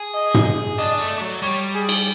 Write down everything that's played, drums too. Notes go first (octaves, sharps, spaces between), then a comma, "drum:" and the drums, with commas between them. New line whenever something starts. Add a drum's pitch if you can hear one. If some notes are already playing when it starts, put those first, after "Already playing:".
Already playing: G#4
D#5
drum: tom
D4 D#5
A3
D5
F#3
G3 C#5
G#4
drum: cymbal